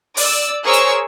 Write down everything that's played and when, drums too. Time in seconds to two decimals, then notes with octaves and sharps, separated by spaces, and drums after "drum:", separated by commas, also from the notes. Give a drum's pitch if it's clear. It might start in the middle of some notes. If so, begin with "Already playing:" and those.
0.17 D5 E6, drum: open hi-hat
0.64 G#4 A#4 C5 C#5 C#6 E6
0.73 drum: hi-hat